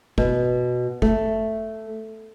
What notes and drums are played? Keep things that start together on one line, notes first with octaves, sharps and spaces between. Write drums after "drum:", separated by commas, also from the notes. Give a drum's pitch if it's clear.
B2, drum: kick
A3, drum: kick